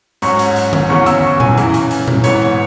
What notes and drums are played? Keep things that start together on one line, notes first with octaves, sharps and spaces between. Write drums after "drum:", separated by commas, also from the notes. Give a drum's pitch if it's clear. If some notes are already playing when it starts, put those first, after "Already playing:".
G#2 F#3 C#4 C#6, drum: hi-hat
drum: hi-hat
drum: hi-hat
drum: tom D3
E2 C#3 F#3 C#4 C#6
E6, drum: hi-hat
C#6
G#5, drum: tom A#2
F#2 C#3 E3, drum: hi-hat
drum: hi-hat
drum: hi-hat
drum: tom A#2
G#2 E3 B3 C#5, drum: hi-hat